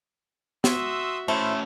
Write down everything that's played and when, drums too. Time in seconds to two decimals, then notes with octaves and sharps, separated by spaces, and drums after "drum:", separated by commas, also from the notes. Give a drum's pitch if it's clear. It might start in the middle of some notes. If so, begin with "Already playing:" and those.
0.64 F#4 E5 C6 D#6 E6, drum: snare
1.28 A2 A3 C#4 E4 C5